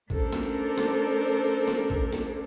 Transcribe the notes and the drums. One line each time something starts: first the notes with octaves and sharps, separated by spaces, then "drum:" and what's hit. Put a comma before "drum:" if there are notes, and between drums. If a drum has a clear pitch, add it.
A3 C#4 D4 A4 A#4 C5, drum: kick A1
drum: snare
drum: snare
drum: snare
drum: kick A1
drum: snare